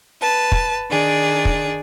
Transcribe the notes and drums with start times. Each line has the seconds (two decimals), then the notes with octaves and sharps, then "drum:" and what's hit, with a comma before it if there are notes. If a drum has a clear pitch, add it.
0.21 B4 A5
0.52 drum: kick
0.90 D#3 D4 G#4 D5
1.45 drum: kick